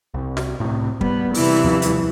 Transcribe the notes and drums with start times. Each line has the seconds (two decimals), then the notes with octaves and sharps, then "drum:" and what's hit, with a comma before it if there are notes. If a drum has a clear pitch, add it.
0.14 C2
0.37 drum: snare
0.60 A2 C3
1.01 G3 B3, drum: kick
1.34 C3 E3, drum: open hi-hat
1.64 D#2 F3 G3
1.82 drum: hi-hat